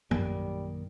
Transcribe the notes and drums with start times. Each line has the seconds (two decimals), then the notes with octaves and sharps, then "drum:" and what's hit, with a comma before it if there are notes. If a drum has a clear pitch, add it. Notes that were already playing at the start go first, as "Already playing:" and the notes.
0.11 A#1 F#2 D#3 G3 A#3, drum: tom